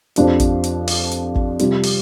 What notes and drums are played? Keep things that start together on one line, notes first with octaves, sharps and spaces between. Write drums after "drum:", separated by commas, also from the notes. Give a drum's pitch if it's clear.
F2 F3 D4 G4, drum: hi-hat
drum: kick, hi-hat
drum: hi-hat
drum: open hi-hat
drum: hi-hat
drum: kick
C3 G3 C4 F4, drum: hi-hat
drum: open hi-hat